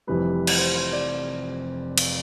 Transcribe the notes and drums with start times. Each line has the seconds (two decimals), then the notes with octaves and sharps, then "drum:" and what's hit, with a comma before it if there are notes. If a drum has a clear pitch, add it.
0.07 F1 F2 C3 E3 G3 B4
0.47 drum: cymbal
0.58 C5
0.75 C5
0.92 D5
1.98 drum: cymbal